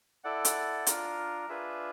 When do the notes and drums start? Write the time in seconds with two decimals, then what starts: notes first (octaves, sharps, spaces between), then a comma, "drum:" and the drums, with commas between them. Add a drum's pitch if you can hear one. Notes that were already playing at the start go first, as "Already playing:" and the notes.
0.24 E4 A4 D5 F#5
0.45 drum: hi-hat
0.87 D4 F4 A#4, drum: hi-hat
1.49 D4 F4 G#4 B4 E5